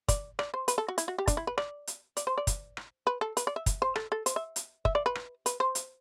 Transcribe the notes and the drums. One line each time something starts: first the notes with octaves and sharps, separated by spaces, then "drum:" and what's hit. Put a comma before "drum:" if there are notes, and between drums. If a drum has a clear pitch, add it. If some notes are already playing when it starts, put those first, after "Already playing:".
D5, drum: kick, hi-hat
D5, drum: rim click
C5
B4, drum: hi-hat
A4
F#4
E4, drum: hi-hat
F#4
G4
D4, drum: kick, hi-hat
E4
B4
D5, drum: rim click
drum: hi-hat
D5, drum: hi-hat
C5
D5
drum: kick, hi-hat
drum: rim click
B4
A4
B4, drum: hi-hat
D5
E5
drum: kick, hi-hat
C5
A4, drum: rim click
A4
C5, drum: hi-hat
E5
drum: hi-hat
E5, drum: kick
D5
B4
drum: rim click
B4, drum: hi-hat
C5
drum: hi-hat